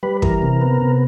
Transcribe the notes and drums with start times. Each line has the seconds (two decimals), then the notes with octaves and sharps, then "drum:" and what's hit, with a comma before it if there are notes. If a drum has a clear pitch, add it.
0.03 G3 B4
0.22 E3 A#4, drum: kick
0.42 C3
0.61 B3
0.82 C3